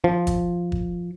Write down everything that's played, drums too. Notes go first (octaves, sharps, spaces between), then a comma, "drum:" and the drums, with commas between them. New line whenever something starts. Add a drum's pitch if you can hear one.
F3
drum: kick, hi-hat
drum: kick